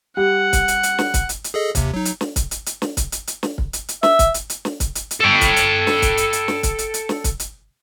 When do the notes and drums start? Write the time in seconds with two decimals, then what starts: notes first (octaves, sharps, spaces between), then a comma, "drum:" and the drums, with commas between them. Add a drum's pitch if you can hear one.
0.17 G3 F#5
0.53 drum: kick, hi-hat
0.68 drum: hi-hat
0.83 drum: hi-hat
0.99 drum: snare
1.14 drum: kick, hi-hat
1.29 drum: hi-hat
1.44 drum: hi-hat
1.54 G#4 A4 D#5
1.75 D#2 C3, drum: kick, hi-hat
1.94 F#3 D#4
2.05 drum: hi-hat
2.21 drum: snare
2.36 drum: kick, hi-hat
2.51 drum: hi-hat
2.66 drum: hi-hat
2.82 drum: snare
2.97 drum: kick, hi-hat
3.12 drum: hi-hat
3.27 drum: hi-hat
3.43 drum: snare
3.58 drum: kick
3.73 drum: hi-hat
3.89 drum: hi-hat
4.03 E5, drum: snare
4.19 drum: kick, hi-hat
4.34 drum: hi-hat
4.50 drum: hi-hat
4.65 drum: snare
4.80 drum: kick, hi-hat
4.95 drum: hi-hat
5.11 drum: hi-hat
5.20 A4 G5
5.41 drum: kick, hi-hat
5.56 drum: hi-hat
5.87 drum: snare
6.02 drum: kick, hi-hat
6.17 drum: hi-hat
6.33 drum: hi-hat
6.48 drum: snare
6.63 drum: kick, hi-hat
6.78 drum: hi-hat
6.94 drum: hi-hat
7.09 drum: snare
7.24 drum: kick, hi-hat
7.40 drum: hi-hat